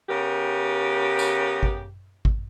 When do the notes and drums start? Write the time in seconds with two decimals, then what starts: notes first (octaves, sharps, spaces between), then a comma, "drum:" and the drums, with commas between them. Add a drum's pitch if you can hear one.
0.09 C#3 B3 G4 A#4
1.19 drum: tambourine
1.63 drum: kick G#1
2.25 drum: kick G#1